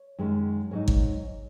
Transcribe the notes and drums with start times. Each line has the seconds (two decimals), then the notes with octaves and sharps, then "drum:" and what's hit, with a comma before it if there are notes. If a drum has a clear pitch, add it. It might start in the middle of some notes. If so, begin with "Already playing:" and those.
Already playing: C#5
0.19 F#2 D#3 G#3 C#4
0.71 G#2 F#3 D#4 C#5
0.88 drum: kick